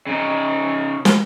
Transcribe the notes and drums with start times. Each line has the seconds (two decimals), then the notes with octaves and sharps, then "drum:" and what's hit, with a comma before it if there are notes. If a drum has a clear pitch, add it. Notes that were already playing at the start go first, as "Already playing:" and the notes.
0.07 C#3 D#4
1.05 drum: snare